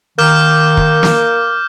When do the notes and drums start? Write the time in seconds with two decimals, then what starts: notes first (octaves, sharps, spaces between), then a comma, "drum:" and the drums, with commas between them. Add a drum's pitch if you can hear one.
0.19 D#3 A#3 D6 F6 G6
0.77 drum: kick
1.03 drum: snare